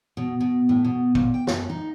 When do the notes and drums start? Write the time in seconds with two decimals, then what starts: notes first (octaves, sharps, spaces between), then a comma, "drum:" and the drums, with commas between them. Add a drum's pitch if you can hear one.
0.17 B2
0.40 B2
0.69 A2
0.84 B2
1.15 A#2, drum: kick
1.34 G5
1.47 F#2, drum: snare
1.70 D#4